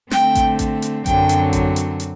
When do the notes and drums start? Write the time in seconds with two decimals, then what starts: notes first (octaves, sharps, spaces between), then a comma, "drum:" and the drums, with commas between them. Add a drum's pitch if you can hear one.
0.11 D3 A3 C4 G5, drum: snare
0.35 drum: kick A1, hi-hat
0.59 drum: kick A1, hi-hat
0.82 drum: hi-hat
1.06 F#2 D3 F#3 C4 G5, drum: kick A1, hi-hat
1.29 drum: hi-hat
1.53 drum: kick A1, hi-hat
1.76 drum: hi-hat
2.00 drum: hi-hat